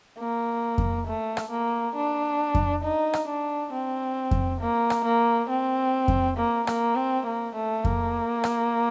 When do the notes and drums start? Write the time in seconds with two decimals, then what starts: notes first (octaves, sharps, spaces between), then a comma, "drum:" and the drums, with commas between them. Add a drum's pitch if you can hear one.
0.19 A#3
0.78 drum: kick F2
1.07 A3
1.37 drum: rim click
1.51 A#3
1.95 D4
2.55 drum: kick F2
2.84 D#4
3.13 drum: rim click
3.28 D4
3.72 C4
4.31 drum: kick F2
4.61 A#3
4.90 drum: rim click
5.05 A#3
5.49 C4
6.08 drum: kick F2
6.37 A#3
6.67 A#3, drum: rim click
6.96 C4
7.26 A#3
7.55 A3
7.85 A#3, drum: kick F2
8.44 drum: rim click